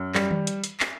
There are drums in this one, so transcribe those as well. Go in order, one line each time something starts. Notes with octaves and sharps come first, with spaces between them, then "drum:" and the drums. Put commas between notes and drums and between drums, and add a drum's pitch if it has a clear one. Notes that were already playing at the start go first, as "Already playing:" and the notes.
Already playing: F#2
G3, drum: clap
drum: tom D#3
drum: hi-hat
drum: hi-hat
drum: clap